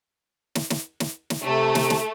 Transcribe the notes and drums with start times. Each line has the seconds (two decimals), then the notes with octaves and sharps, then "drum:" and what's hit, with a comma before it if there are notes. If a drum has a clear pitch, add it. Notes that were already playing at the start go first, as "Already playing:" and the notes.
0.55 drum: snare
0.70 drum: snare
1.00 drum: snare
1.30 drum: snare
1.45 C3 A3
1.75 drum: snare
1.90 drum: snare